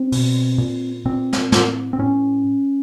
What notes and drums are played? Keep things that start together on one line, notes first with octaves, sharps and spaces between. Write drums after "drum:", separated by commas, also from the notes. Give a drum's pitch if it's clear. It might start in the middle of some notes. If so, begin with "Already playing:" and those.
Already playing: C4
B2, drum: open hi-hat
A#2
A#2 C4
drum: snare
A2, drum: snare
C4
A2 C#4